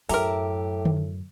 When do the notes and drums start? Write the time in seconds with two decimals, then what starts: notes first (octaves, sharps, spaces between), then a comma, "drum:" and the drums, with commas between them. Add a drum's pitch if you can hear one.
0.09 F#2 A2 G4 A#4 E5 A#5, drum: open hi-hat
0.85 drum: tom D3